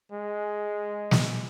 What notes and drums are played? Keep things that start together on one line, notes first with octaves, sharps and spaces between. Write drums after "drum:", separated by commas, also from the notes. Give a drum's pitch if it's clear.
G#3
drum: snare